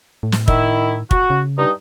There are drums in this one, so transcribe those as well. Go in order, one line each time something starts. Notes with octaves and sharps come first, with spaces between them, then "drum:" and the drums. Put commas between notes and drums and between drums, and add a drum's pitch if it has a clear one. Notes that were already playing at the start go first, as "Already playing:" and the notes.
A2
drum: snare
D#3 E4, drum: kick
F#4, drum: kick
C#3
G2 D#4